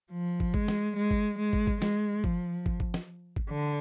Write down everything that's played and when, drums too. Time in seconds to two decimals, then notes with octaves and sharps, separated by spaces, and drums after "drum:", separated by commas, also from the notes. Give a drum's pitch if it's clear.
0.11 F3
0.40 drum: kick
0.54 G#3, drum: kick
0.68 drum: snare
0.97 G#3
1.11 drum: kick
1.39 G#3
1.53 drum: kick
1.67 drum: kick
1.82 G#3, drum: snare
2.24 F3, drum: kick
2.66 drum: kick
2.80 drum: kick
2.94 drum: snare
3.36 drum: kick
3.50 D3